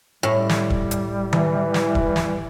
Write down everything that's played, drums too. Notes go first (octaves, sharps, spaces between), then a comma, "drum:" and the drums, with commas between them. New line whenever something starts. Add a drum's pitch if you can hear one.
A2 G3
drum: snare
drum: kick
drum: hi-hat
E3, drum: tom D#3
drum: snare
drum: kick
drum: snare